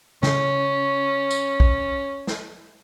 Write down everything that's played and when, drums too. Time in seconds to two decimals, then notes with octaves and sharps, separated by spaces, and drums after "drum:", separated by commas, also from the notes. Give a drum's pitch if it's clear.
0.23 C#3 C#4, drum: snare
1.30 drum: tambourine
1.60 drum: kick B1
2.27 drum: snare